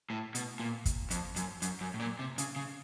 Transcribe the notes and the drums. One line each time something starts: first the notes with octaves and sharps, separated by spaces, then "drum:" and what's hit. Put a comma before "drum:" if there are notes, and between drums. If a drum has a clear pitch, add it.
A2
B2, drum: hi-hat
A#2
drum: kick, hi-hat
F2, drum: hi-hat
F#2, drum: hi-hat
F#2, drum: hi-hat
F#2
A2
A#2
C3
C#3, drum: hi-hat
C#3